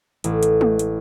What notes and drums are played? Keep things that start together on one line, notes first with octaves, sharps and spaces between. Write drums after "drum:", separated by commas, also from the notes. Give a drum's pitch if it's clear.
A1, drum: hi-hat
drum: hi-hat
drum: tom G#3
drum: hi-hat